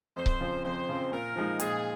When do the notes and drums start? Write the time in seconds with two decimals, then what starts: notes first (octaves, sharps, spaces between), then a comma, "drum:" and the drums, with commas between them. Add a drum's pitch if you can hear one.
0.16 F2 C5
0.26 drum: kick C#1
0.41 C#3 F3 C4
0.64 F2 C5
0.89 C#3 F3 C4
1.12 A#2 A#4
1.36 F3 G#3 D#4
1.60 A#2 G#4, drum: hi-hat